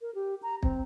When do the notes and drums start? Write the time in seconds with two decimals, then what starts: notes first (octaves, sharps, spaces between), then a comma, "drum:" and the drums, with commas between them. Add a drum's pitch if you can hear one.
0.01 A#4
0.15 G4
0.43 A#5
0.63 C4, drum: kick